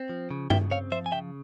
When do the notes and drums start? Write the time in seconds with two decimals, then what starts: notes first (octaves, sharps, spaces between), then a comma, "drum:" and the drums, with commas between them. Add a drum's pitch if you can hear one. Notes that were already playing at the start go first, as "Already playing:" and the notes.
Already playing: C4
0.09 F3
0.31 C#3
0.50 C#3 E5 G5, drum: tom G2
0.71 C4 C#5 F5
0.92 F3 C5 E5
1.06 G#5
1.12 C#3 E5 G5